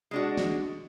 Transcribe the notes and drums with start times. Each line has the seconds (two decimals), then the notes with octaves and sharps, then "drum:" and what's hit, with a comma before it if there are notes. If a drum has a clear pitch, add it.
0.11 G#3 D4 F#4
0.37 drum: snare